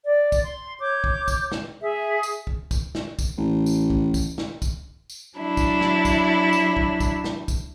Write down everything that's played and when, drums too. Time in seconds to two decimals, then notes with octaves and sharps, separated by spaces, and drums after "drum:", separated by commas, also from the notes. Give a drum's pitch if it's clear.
0.04 D5
0.32 drum: kick, tambourine
0.44 C6
0.80 C#5 D6 G6
1.04 drum: kick
1.28 drum: kick, tambourine
1.52 drum: snare
1.81 G#4 E5
2.23 drum: tambourine
2.47 drum: kick
2.71 drum: kick, tambourine
2.95 drum: snare
3.19 drum: kick, tambourine
3.38 A1
3.66 drum: tambourine
3.90 drum: kick
4.14 drum: kick, tambourine
4.38 drum: snare
4.62 drum: kick, tambourine
5.10 drum: tambourine
5.38 F#3 D4 E4
5.57 drum: kick, tambourine
5.81 drum: snare
6.05 drum: kick, tambourine
6.53 drum: tambourine
6.77 drum: kick
7.00 drum: kick, tambourine
7.24 drum: snare
7.48 drum: kick, tambourine